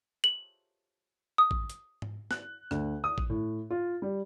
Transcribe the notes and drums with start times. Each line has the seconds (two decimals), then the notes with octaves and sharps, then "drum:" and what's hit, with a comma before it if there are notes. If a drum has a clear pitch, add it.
0.24 F#7
1.38 D#6
1.51 drum: kick A1
1.70 drum: hi-hat
2.02 drum: tom G#2
2.31 F#6, drum: snare
2.71 D2, drum: rim click
3.04 D#6
3.18 drum: kick A1
3.30 A2
3.70 F4
4.02 G3